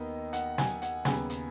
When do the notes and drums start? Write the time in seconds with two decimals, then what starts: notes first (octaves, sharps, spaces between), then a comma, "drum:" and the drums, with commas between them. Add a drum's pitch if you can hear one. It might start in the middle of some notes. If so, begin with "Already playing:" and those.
Already playing: D#2 D#3 B3 D#5
0.33 F#5, drum: hi-hat
0.58 G#5, drum: snare
0.82 F#5, drum: hi-hat
1.05 D#2 C#3 B3 G#5, drum: snare
1.30 drum: hi-hat